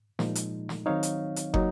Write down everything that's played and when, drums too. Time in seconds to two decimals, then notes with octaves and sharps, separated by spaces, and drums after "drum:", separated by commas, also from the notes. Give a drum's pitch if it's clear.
0.19 A#2 F3 G#3 D#4, drum: snare
0.35 drum: hi-hat
0.69 drum: snare
0.86 D#3 F#3 C4 D#4 C#5 F5
1.03 drum: hi-hat
1.36 drum: hi-hat
1.54 F#3 A#3 D#4, drum: kick